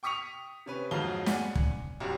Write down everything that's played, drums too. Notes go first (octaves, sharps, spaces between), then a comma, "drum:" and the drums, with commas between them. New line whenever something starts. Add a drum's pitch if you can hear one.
G5 C#6 D#6 B6 C#7 F7
C3 C#4 B4
F2 G#2 F#3 F5 A5 G7
D5 F#5 G#5, drum: snare
drum: kick
C2 G2 F#3